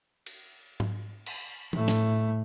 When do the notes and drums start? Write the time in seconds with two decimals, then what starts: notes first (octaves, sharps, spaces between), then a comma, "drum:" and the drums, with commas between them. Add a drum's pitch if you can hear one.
0.26 drum: cymbal
0.80 drum: tom G#2
1.26 drum: cymbal
1.73 A2 A3, drum: tom E3
1.88 drum: snare